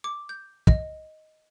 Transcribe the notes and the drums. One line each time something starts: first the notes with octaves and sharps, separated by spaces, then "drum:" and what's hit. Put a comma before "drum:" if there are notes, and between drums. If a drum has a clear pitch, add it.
D6
G6
D#5, drum: kick